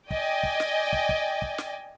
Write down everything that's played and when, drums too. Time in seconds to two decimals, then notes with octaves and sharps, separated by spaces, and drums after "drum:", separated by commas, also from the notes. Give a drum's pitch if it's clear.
0.11 D5 D#5 G5 G#5, drum: kick
0.43 drum: kick
0.60 drum: snare
0.93 drum: kick
1.09 drum: kick
1.42 drum: kick
1.58 drum: snare